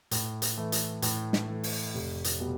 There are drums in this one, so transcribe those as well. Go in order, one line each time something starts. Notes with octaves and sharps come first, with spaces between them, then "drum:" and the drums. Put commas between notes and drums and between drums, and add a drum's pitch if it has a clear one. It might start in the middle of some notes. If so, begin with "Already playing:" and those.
A2, drum: hi-hat
drum: hi-hat
E3 A3
drum: hi-hat
A2, drum: hi-hat
drum: snare
E3 A3
drum: open hi-hat
F1
drum: hi-hat
B2 G3